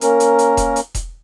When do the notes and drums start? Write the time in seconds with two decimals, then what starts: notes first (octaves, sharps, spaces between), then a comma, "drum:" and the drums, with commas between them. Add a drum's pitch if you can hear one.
0.01 A#3 C#4 A#4, drum: hi-hat
0.20 drum: hi-hat
0.39 drum: hi-hat
0.57 drum: kick E1, hi-hat
0.76 drum: hi-hat
0.95 drum: kick E1, hi-hat